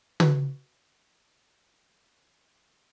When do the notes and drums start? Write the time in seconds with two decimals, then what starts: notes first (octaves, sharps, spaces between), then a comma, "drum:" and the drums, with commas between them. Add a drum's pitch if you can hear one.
0.20 F#4 B4, drum: tom